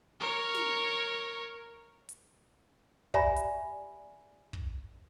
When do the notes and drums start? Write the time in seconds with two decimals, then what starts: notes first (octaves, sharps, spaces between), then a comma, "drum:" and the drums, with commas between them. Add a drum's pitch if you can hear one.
0.20 A#4 C#5
0.54 drum: snare
2.09 drum: hi-hat
3.14 G4 D5 E5 G#5 A#5 B5, drum: kick
3.36 drum: hi-hat
4.53 drum: kick